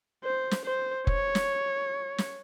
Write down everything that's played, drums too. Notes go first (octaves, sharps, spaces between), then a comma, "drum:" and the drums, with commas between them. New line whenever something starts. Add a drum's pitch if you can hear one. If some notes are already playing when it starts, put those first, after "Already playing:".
C5
drum: snare
C5
C#5, drum: kick F1
drum: snare
drum: snare